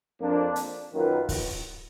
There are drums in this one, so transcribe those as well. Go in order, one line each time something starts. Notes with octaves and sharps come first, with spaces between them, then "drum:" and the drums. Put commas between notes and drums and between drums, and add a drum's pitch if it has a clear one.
F2 F3 A#3 D4
drum: hi-hat
F#2 D#3 A#3 F4 B4
drum: kick, open hi-hat